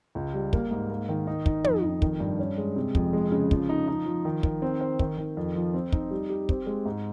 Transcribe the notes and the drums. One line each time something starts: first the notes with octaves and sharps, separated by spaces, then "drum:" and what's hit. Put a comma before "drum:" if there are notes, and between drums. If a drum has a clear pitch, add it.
C#2
G3
A#3, drum: kick
G#2
A#3
D#3
D#4
D#4, drum: kick
F2, drum: tom
F2
D#3, drum: kick
G2
C#4
G#3
C3
F2, drum: kick
G#3
C#3
F3, drum: kick
D#4
D#4
F3
D#3
D#3, drum: kick
C4
C5
D#3, drum: kick
D#3
F2
F3
C4
D#4, drum: kick
G3
G4
C4, drum: kick
G#3
G#2